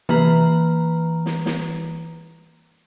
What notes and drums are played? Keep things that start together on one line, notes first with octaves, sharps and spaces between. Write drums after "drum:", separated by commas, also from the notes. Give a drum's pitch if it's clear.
E3 A#3 B4 A#5, drum: tom C3
drum: snare
drum: snare